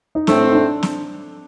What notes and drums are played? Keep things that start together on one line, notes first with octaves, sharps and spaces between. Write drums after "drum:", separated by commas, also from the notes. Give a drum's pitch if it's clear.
D#4
A2 A3 C4 D4, drum: snare
D#4
D4
drum: snare